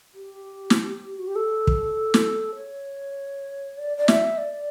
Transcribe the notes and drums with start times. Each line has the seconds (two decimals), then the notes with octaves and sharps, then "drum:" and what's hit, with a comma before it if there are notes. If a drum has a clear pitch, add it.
0.14 G4
0.70 drum: snare
1.19 F#4
1.27 G4
1.36 A4
1.67 drum: kick
2.14 drum: snare
2.56 C#5
3.78 D5
3.98 D5
4.08 E5, drum: snare
4.38 D5